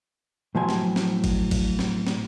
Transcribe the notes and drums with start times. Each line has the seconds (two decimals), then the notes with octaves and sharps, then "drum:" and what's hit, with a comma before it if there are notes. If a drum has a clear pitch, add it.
0.55 A2 F3 F#3 G#5
0.69 drum: snare
0.96 drum: snare
1.24 drum: kick G1, cymbal
1.51 drum: kick G1, cymbal
1.79 drum: snare
2.07 drum: snare